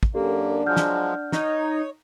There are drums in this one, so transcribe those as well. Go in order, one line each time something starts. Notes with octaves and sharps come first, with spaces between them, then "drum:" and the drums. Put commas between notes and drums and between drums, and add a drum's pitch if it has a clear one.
drum: kick
F#2 A#3 D4 G4 A4
F3 F#3 G#3 F#5 F6 G6
drum: snare
D#4 C#5, drum: snare